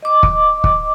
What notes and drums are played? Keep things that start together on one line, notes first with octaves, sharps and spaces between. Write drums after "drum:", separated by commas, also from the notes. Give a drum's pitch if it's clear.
D#5 D6
drum: kick
drum: kick